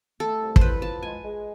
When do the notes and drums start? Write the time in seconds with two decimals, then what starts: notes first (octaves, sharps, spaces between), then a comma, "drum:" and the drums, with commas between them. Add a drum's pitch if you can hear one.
0.20 A3 A4
0.41 C2
0.56 C5, drum: kick
0.61 E4 B4
0.82 F3 A5
1.03 G#3 G#5
1.23 G#3